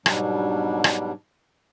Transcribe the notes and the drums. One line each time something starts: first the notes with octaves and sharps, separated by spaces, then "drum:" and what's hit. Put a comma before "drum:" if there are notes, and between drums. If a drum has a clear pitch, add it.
G#2 B2 F#3 G3 D4, drum: rim click
drum: rim click